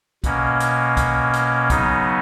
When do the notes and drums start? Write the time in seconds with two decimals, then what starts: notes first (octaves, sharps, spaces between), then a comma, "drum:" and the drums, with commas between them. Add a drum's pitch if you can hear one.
0.24 B2 A#3 C#4, drum: kick B1, hi-hat
0.60 drum: hi-hat
0.97 drum: kick B1, hi-hat
1.33 drum: hi-hat
1.70 C#3 F#3 B3 D#4, drum: kick B1, hi-hat